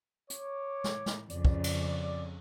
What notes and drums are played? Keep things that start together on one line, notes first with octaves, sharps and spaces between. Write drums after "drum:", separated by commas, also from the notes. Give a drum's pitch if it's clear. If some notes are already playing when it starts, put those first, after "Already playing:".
C#5 D6, drum: hi-hat
drum: snare
drum: snare
F2 C#3 D5, drum: hi-hat
drum: kick
drum: cymbal